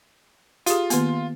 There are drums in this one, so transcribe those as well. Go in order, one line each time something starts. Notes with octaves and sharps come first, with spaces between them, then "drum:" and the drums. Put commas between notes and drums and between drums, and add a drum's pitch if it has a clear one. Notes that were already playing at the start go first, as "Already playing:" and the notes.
F4 G4 G#4, drum: hi-hat
D#3 A#3 B3, drum: hi-hat